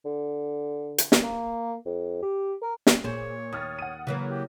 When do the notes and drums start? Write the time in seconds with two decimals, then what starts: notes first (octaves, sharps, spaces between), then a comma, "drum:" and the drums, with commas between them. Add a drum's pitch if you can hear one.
0.05 D3
0.98 drum: hi-hat
1.12 drum: snare
1.23 A#3
1.86 F2
2.22 G4
2.62 A#4
2.87 drum: snare
3.04 A#2 G#4 C5 C#5
3.53 D#2 D#6 F6 A6
3.79 F#5 D#7
4.07 C#3 E3 F#3 A#3
4.29 G4